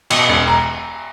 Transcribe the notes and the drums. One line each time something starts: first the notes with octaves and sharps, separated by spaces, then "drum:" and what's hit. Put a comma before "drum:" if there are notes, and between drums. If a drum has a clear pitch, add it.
B2, drum: cymbal
E1
A#5